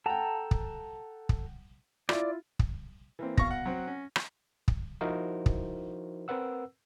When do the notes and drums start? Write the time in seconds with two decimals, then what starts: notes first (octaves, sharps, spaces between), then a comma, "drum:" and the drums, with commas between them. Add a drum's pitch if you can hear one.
0.06 A4 F#5 G5 A5 A#5
0.51 drum: kick
1.29 drum: kick
2.09 E4 F4 D5, drum: rim click
2.59 drum: kick
3.19 E3 A#3 C4
3.38 B2 F5 C#6 A#6, drum: kick
3.51 F#5
3.66 F#3 C4
3.87 C#4
4.16 drum: rim click
4.68 drum: kick
5.01 F3 D#4 E4 F#4 A#4 C5
5.46 drum: kick
6.28 C4 A#4 B4 F#5 E6